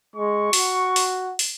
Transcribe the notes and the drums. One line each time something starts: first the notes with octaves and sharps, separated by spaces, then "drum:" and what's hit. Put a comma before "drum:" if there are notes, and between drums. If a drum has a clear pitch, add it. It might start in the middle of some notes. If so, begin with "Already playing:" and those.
G#3 C#6
F#4, drum: open hi-hat
drum: open hi-hat
drum: open hi-hat